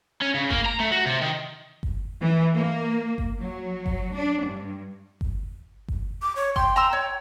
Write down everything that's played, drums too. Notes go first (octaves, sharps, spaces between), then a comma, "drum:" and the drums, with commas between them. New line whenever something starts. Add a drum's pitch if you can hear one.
C#4
C#3
A#3, drum: kick G1
A#5
A3
F#4
C3
D#3
drum: kick G1
E3
A#3
drum: kick G1
F#3
drum: kick G1
D4
G2
drum: kick G1
drum: kick G1
D6
C#5
G5 C6, drum: kick G1
A#5 C6 E6
C#5